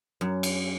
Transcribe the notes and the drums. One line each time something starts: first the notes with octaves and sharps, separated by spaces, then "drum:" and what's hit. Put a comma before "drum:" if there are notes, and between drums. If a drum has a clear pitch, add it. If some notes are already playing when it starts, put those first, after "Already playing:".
F#2
drum: cymbal